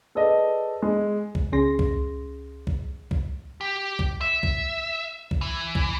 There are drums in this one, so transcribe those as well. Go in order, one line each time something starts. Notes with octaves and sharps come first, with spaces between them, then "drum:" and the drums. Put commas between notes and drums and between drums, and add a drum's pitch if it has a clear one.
G#4 A4 B4 D5 D#5
G#3
drum: kick
C#2 C#4 G#4 C6 A#6
drum: kick
drum: kick
drum: kick
G4
drum: kick
E5
drum: kick
drum: kick
E3
drum: kick